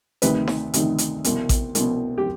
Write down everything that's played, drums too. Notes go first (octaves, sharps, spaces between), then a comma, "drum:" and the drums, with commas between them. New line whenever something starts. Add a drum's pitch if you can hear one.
D2 C3 D#3 B4, drum: hi-hat
drum: snare D#4
D2 C3 D#3, drum: hi-hat
drum: hi-hat
C2 B2, drum: hi-hat
drum: kick A1, hi-hat
C2 B2, drum: hi-hat
G4